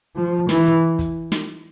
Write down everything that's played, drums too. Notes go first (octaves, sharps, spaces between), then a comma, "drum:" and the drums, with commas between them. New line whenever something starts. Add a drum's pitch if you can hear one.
F3
E3, drum: snare
drum: hi-hat
drum: kick, hi-hat
drum: snare